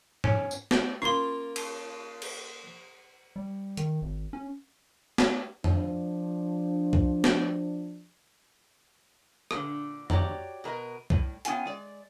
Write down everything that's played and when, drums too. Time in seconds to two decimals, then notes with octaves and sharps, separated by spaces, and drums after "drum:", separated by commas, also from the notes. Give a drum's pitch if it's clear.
0.24 C#4, drum: tom
0.51 drum: tambourine
0.71 drum: snare
1.02 A#3 C#4 F4 C6 C#6
1.56 drum: cymbal
2.22 drum: cymbal
3.36 G3
3.77 D#3, drum: hi-hat
4.02 G#1
4.33 C#4
5.18 drum: snare
5.64 F3 D4, drum: tom F2
6.93 drum: kick B1
7.24 drum: snare
9.51 A#2 D3, drum: rim click
10.10 F#4 G4 C#5 D5 A#5, drum: tom F2
10.64 B2 A#4 B4 D#5
11.10 A2 G3, drum: kick B1
11.45 B3 C#4 F4 G5 G#5, drum: hi-hat
11.65 G#3 D5